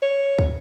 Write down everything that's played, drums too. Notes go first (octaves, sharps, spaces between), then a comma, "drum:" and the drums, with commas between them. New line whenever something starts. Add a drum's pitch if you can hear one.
C#5
drum: kick